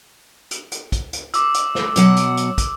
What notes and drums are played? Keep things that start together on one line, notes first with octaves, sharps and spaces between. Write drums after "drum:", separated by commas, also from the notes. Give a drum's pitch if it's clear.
drum: hi-hat
drum: hi-hat
drum: kick, hi-hat
drum: hi-hat
D6 E6, drum: hi-hat
drum: hi-hat
drum: snare
B2 F#3 F#5, drum: hi-hat
drum: hi-hat
drum: hi-hat
drum: kick, hi-hat